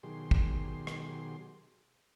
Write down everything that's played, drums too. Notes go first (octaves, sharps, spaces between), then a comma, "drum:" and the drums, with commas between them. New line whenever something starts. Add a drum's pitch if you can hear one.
B2 D#3 F#3 G4 G#4 C6
drum: kick
drum: rim click